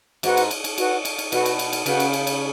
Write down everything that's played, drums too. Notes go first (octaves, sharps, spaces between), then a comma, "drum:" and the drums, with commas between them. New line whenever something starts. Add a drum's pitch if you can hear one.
G#2 F#4 B4 F#5, drum: cymbal
drum: cymbal
drum: cymbal
drum: cymbal
F#4 B4 F#5, drum: cymbal
drum: cymbal
drum: cymbal
B2 F#4 B4 F#5, drum: cymbal
drum: cymbal
drum: cymbal
drum: cymbal
C#3 F#4 B4 F#5, drum: cymbal
drum: cymbal
drum: cymbal
drum: cymbal